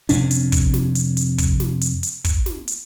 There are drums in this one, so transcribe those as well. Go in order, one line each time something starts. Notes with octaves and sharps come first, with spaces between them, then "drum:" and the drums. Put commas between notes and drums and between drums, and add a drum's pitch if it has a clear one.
F2 C3 C#4 D4, drum: hi-hat
drum: hi-hat
drum: kick, hi-hat
drum: snare
drum: hi-hat
drum: hi-hat
drum: kick, hi-hat
drum: snare
drum: hi-hat
drum: hi-hat
drum: kick, hi-hat
drum: snare
drum: hi-hat